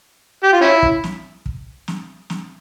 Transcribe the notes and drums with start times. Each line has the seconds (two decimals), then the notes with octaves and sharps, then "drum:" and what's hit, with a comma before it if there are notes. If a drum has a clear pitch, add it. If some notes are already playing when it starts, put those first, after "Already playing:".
0.43 G4
0.53 F4
0.61 C#4 E4
0.83 drum: kick
1.04 drum: snare
1.46 drum: kick
1.88 drum: snare
2.30 drum: snare